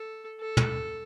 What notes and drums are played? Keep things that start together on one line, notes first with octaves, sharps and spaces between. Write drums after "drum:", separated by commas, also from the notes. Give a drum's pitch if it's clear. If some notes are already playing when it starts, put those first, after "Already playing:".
Already playing: A4
A4
drum: tom